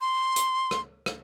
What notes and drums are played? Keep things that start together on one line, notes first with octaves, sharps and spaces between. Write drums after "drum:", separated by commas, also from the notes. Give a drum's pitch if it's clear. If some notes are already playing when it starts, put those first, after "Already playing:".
C6
drum: hi-hat
drum: rim click
drum: rim click